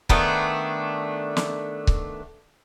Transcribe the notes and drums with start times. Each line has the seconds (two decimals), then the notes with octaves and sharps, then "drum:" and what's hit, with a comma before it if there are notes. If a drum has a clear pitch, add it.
0.09 D#3 A3 B3 D4, drum: kick C#1
1.37 drum: snare
1.87 drum: kick C#1